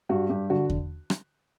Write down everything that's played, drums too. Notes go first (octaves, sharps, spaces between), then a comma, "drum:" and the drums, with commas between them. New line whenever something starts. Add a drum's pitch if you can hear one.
G2 F#4
G2 G4
D3 F#4
drum: kick E2
drum: rim click